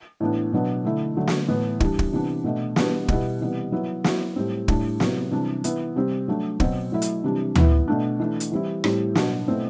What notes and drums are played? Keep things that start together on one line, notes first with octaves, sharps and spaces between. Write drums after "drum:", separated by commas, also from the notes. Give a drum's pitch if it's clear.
A2 E3 B3 D4
B2 F#3 B3 D4
D3 A3 E4
D3 F#3 A3
drum: snare
A2 E3 B3
E3 G3 D4, drum: kick
drum: kick
C3 E3 B3 D4
B2 A3 D4
E3 G3 B3 D4, drum: snare
B2 G3 B3 E4, drum: kick
C3 E3 G3 B3
F#3 B3 E4
F#3 C4 E4, drum: snare
A2 G3 C4
A2 G3 D4, drum: kick
C3 F#3 B3 E4, drum: snare
C3 E3 G3 D4
E3 B3 E4, drum: hi-hat
C3 G3 C4
F#3 A3 D4
B2 F#3 C4, drum: kick
F#3 A3 E4
drum: hi-hat
C3 E3 G3 D4
E3 B3 E4, drum: tom D2
B2 A3 D4
E3 A3 D4
drum: hi-hat
E3 G3 C4 E4
A2 G3 C4 E4, drum: rim click
B2 F#3 B3 D4, drum: snare
B2 A3 C4 E4